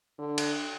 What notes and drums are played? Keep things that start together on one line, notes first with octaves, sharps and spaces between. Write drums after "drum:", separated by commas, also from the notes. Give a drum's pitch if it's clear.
D3
drum: cymbal